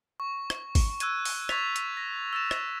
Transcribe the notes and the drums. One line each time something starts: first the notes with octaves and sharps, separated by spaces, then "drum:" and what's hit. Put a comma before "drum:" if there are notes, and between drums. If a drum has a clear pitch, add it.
C#6
drum: rim click
drum: kick G#1, open hi-hat
E6 F#6 G#6 D#7, drum: hi-hat
drum: open hi-hat
C#6 G#6 A6 B6 F7, drum: rim click
drum: hi-hat
A#6
E6 A6 E7
drum: rim click